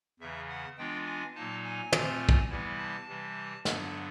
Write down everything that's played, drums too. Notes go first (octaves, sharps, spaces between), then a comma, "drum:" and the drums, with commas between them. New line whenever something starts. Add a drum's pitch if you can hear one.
E2 C#3 E3 E5
F#5
E3 G#3 B3 D4 F4 G5
G#5
A#2 F#3 A#3 D#4 A5
G#5
A#2 F3 A3 C4 F4, drum: tom
drum: kick
C3 E3 G3 B3 E4
A5
C3 E3 G3
G2 D3 F#3 B3 D4, drum: snare